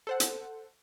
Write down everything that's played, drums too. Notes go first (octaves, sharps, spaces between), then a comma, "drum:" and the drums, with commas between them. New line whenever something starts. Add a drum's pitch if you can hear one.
A4 C5 F#5
drum: hi-hat